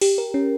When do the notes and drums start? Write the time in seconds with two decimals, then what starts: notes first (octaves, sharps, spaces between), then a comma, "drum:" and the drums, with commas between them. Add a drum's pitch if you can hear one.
0.01 G4, drum: open hi-hat
0.18 A#4
0.34 C#4